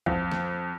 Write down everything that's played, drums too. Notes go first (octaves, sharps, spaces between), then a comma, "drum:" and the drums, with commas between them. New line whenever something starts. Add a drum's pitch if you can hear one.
F2, drum: kick B1
drum: snare